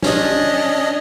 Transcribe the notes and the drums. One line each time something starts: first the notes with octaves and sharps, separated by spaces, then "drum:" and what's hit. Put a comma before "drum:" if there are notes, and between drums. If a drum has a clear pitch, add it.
C#4 D4 D#5, drum: snare